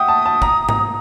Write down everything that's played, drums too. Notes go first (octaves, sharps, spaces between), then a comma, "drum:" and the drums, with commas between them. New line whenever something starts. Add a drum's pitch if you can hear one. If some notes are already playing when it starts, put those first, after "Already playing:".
Already playing: E5 F#5 G5 D#6
A5
A5
A#5, drum: kick
A#5, drum: tom G#2